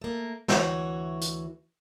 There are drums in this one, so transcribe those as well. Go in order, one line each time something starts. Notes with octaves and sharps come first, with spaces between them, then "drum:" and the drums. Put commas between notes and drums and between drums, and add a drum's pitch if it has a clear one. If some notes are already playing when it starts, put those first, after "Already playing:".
A3 A#3
D2 E3 F#4 C#5, drum: snare
drum: hi-hat